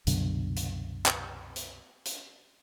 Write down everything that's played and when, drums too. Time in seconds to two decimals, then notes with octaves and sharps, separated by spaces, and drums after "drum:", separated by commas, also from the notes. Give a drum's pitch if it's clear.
0.07 C2 F#2 B2 D3, drum: hi-hat
0.56 drum: hi-hat
1.06 drum: clap
1.56 drum: hi-hat
2.05 drum: hi-hat